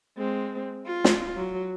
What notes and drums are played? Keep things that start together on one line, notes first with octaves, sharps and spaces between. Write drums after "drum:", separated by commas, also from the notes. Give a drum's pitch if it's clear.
G#3 C4
F4
drum: snare
F#3